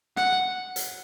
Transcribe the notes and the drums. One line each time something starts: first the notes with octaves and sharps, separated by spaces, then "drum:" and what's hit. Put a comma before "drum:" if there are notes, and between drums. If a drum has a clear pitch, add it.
F#5, drum: rim click
drum: hi-hat